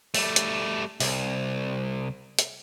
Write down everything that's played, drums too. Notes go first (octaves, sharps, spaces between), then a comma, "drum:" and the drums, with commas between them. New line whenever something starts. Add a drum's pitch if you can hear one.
G3 A3, drum: open hi-hat
drum: hi-hat
C2, drum: open hi-hat
drum: hi-hat